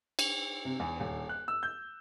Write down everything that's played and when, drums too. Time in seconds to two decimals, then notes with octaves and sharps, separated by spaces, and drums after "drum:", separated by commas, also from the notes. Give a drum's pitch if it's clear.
0.19 drum: cymbal
0.65 C3
0.80 E2
1.00 D#1
1.29 F#6
1.48 E6
1.63 G6